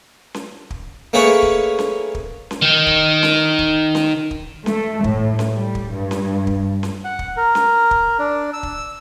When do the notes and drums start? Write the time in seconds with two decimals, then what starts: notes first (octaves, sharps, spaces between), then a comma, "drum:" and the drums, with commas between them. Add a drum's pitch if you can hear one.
0.34 drum: snare C#4
0.70 drum: kick
1.13 A3 A#3 C#4 G#4 B4 C#5
1.43 drum: kick
1.79 drum: snare C#4
2.15 drum: kick
2.51 drum: snare C#4
2.62 D#3 D#4
2.87 drum: kick
3.23 drum: snare C#4
3.59 drum: kick
3.95 drum: snare C#4
4.31 drum: kick
4.66 A3, drum: snare C#4
5.04 A2, drum: kick
5.39 drum: snare C#4
5.54 G3
5.75 drum: kick
5.92 G2
6.11 drum: snare C#4
6.47 drum: kick
6.83 drum: snare C#4
7.05 F#5
7.19 drum: kick
7.37 A#4
7.55 drum: snare C#4
7.91 drum: kick
8.19 D4
8.54 E6
8.63 drum: kick